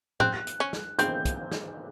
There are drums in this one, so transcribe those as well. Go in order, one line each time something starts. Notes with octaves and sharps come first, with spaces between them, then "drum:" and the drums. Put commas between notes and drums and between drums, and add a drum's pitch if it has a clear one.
C4 F#6, drum: tom A2
drum: hi-hat
C#4
drum: snare
C4 G6, drum: hi-hat
drum: kick, hi-hat
drum: snare